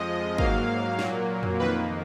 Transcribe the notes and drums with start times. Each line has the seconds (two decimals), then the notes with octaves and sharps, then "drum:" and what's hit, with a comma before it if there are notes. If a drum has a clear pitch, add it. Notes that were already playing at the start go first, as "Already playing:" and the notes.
Already playing: F2 F3 G#3 D#5
0.38 G#2 F#3 A#3 F5, drum: kick
0.99 A#2 F#3 A#3, drum: snare
1.43 drum: tom F2
1.59 F2 D#3 A#3 B4